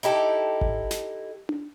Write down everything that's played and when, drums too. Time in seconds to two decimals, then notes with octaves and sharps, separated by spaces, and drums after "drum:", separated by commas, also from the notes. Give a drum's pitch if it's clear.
0.03 D#4 E4 G4 A4
0.61 drum: kick G#1
0.91 drum: snare
1.49 drum: tom D4